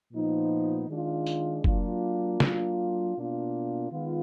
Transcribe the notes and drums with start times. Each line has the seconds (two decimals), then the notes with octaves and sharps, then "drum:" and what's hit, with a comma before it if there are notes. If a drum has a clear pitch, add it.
0.13 A#2 F3 B3 D#4
0.88 D#3 G#3 D4 F4
1.26 drum: tambourine
1.64 F#3 A#3 D4 F4, drum: kick
2.40 F#3 A#3 D4 F4, drum: snare
3.16 B2 A#3 D4 F4
3.92 D#3 G#3 B3 F4